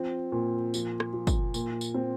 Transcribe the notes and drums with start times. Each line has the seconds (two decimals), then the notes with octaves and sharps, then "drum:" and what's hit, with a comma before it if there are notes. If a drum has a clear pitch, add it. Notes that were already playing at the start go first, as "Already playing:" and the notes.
Already playing: F3 C4
0.32 A#2
0.74 F3, drum: tambourine
1.00 drum: rim click
1.13 F3
1.27 drum: kick, tambourine
1.54 A#2, drum: tambourine
1.81 drum: tambourine
1.94 C4